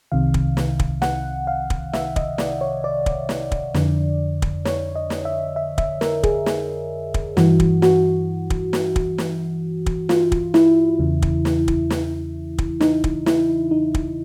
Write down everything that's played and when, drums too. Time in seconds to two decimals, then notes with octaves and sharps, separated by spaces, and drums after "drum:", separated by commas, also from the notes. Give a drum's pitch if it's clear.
0.12 C2 C3 D#3 F5
0.34 drum: kick
0.57 drum: snare
0.79 drum: kick
1.02 F#5, drum: snare
1.47 F5
1.70 drum: kick
1.93 E5, drum: snare
2.16 D#5, drum: kick
2.38 D5, drum: snare
2.61 C#5
2.84 D5
3.06 drum: kick
3.29 drum: snare
3.52 drum: kick
3.74 F2 D3, drum: snare
4.42 drum: kick
4.65 C#5, drum: snare
4.96 D#5
5.10 drum: snare
5.25 E5
5.56 E5
5.78 E5, drum: kick
6.01 A#4, drum: snare
6.23 G#4, drum: kick
6.46 G#4, drum: snare
7.14 drum: kick
7.37 G2 E3 F#4, drum: snare
7.60 drum: kick
7.82 F#4, drum: snare
8.50 drum: kick
8.73 drum: snare
8.96 drum: kick
9.18 drum: snare
9.86 drum: kick
10.09 F4, drum: snare
10.32 drum: kick
10.54 E4, drum: snare
10.99 E2 C#3 E3
11.22 drum: kick
11.45 drum: snare
11.68 drum: kick
11.90 drum: snare
12.58 drum: kick
12.81 D#4, drum: snare
13.04 drum: kick
13.26 E4, drum: snare
13.71 D#4
13.94 drum: kick